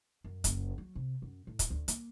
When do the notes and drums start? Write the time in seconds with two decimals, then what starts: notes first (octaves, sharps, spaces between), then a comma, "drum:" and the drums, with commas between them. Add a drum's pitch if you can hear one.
0.24 F#2
0.44 F#1, drum: kick, hi-hat
0.78 F#3
0.95 C3
1.22 F#2
1.47 A2
1.59 drum: kick, hi-hat
1.70 D2
1.88 A#3, drum: hi-hat